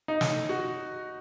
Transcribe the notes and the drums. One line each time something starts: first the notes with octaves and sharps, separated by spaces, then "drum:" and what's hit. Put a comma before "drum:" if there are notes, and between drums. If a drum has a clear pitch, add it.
D#4
drum: snare
F#4